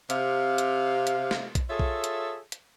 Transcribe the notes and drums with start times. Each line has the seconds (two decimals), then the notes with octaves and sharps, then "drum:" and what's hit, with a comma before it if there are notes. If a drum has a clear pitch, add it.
0.10 C3 F5, drum: hi-hat
0.58 drum: hi-hat
1.07 drum: hi-hat
1.31 drum: snare
1.55 drum: kick A#1, hi-hat
1.70 F4 G#4 A4 C#5 E5
1.79 drum: kick A#1
2.04 drum: hi-hat
2.52 drum: hi-hat